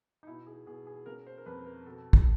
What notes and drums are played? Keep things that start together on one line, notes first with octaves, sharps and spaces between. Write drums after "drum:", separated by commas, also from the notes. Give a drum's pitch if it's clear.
D#4
B2 E4
G#4
B2 G#4
G#4
C#3 A#4
C5
A#4
F2 B4
A#4
B2 A4
drum: kick